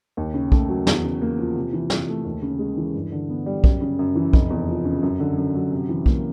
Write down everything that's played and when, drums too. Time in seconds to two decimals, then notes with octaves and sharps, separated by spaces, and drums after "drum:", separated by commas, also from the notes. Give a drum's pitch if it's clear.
0.17 D#2
0.34 C#3
0.52 A3, drum: kick
0.69 F#3
0.87 E2, drum: snare
1.04 C#3
1.22 A#3
1.38 F3
1.55 C3
1.73 E3
1.90 C3, drum: snare
2.08 A3
2.25 D#2
2.42 C#3
2.59 G#3
2.77 E3
2.94 G2
3.12 D3
3.29 B3
3.46 G3
3.64 F#2, drum: kick
3.81 C#3
3.99 F#2
4.16 E3
4.33 F1, drum: kick
4.50 E2
4.67 F3
4.85 C#3
5.03 F#2
5.20 D3
5.38 F#2
5.55 F#3
5.72 C3
5.89 E3
6.06 A#3, drum: kick